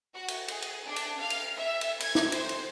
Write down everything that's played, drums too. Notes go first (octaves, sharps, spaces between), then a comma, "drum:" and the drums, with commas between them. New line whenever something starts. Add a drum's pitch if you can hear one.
F#4
drum: cymbal
G#4, drum: cymbal
drum: cymbal
D4
drum: cymbal
F5
drum: cymbal
E5
drum: cymbal
G#6, drum: cymbal
drum: snare
C5, drum: cymbal
drum: cymbal